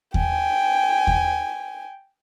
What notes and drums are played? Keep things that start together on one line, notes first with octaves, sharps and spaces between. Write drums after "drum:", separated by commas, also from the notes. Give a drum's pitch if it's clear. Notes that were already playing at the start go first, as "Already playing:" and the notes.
G5 G#5, drum: kick D#2
drum: kick D#2